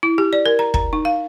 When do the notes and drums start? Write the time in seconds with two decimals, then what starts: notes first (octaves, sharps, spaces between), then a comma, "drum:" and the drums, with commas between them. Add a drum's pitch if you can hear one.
0.03 E4
0.18 G4
0.33 D5
0.46 A#4
0.59 A#5
0.74 A#5, drum: kick
0.93 D#4
1.05 F5